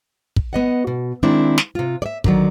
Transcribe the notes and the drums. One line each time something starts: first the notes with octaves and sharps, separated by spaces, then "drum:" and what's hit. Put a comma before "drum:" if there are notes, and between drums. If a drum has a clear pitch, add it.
drum: kick
B3 D#5 F#5
B2
D#3 G#3 C4 D4 E4
drum: snare
C3 F4
D5 E5
D3 D#3 F3 F#3 D5, drum: kick